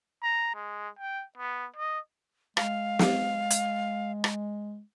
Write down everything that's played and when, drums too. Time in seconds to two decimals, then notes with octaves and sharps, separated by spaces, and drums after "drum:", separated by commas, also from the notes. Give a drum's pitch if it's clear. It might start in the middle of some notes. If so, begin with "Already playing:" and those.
0.23 A#5
0.55 G#3
0.99 G5
1.37 B3
1.76 D#5
2.57 G#3 F5, drum: rim click
2.99 drum: snare
3.51 drum: hi-hat
4.24 drum: rim click